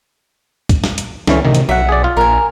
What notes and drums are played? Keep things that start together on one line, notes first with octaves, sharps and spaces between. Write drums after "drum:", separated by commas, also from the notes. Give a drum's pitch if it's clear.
drum: kick, hi-hat
drum: snare
drum: hi-hat
C#2 D3 E3 C#4, drum: snare
A1 C3 D#3
drum: hi-hat
B1 F#3 E5 F#5
G#4 D5
F4
A#1 A#4 G#5